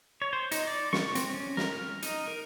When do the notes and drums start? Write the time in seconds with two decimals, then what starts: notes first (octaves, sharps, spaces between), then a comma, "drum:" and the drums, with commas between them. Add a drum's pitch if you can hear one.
0.22 C#5
0.33 C5
0.51 D#4, drum: hi-hat
0.67 D5
0.93 C#6, drum: snare
1.15 C4, drum: hi-hat
1.30 C#4
1.57 A#4, drum: snare
1.72 F6
2.02 D#4, drum: hi-hat
2.28 A#4